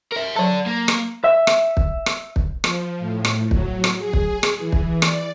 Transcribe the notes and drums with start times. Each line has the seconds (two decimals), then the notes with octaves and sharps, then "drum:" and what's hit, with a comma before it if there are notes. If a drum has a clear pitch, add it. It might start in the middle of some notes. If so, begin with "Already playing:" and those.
0.12 A#4 E5
0.36 F#3 A4 D5 A5
0.67 A#3
0.88 drum: rim click
1.24 E5
1.47 drum: rim click
1.77 drum: kick
2.06 drum: rim click
2.36 drum: kick
2.64 F3, drum: rim click
2.99 A2
3.25 drum: rim click
3.51 F#3, drum: kick
3.84 drum: rim click
3.98 G#4
4.13 drum: kick
4.43 drum: rim click
4.58 E3
4.72 drum: kick
5.02 D5, drum: rim click